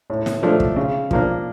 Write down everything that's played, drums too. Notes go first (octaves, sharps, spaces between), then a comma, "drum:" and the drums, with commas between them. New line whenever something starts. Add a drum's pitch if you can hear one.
A2
drum: snare
F3 A3 D4
drum: kick
C#3
F3 A#3 D4, drum: kick